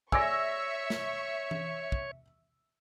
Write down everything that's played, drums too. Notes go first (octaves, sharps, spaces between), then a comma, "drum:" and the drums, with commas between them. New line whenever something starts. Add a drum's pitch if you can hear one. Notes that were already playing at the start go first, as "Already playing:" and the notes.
G#4 C#5 D5 E5 C6 C#6 E6 A#6, drum: kick
drum: snare
drum: tom E3
drum: kick